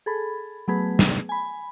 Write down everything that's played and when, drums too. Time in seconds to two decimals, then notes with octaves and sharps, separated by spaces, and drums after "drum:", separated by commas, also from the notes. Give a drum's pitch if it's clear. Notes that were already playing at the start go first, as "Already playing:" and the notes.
0.06 G#4 A4 B5
0.68 F#3 A3 B3 G#4 B4
0.99 drum: snare
1.29 G#5 B5